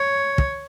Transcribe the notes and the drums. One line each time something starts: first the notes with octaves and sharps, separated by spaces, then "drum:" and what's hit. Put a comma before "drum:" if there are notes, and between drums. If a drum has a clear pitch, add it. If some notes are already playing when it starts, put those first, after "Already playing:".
Already playing: C#5
drum: kick